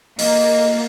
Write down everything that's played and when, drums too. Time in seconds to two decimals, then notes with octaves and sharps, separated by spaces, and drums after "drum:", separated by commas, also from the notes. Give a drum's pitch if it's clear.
0.19 A#3 D#5, drum: open hi-hat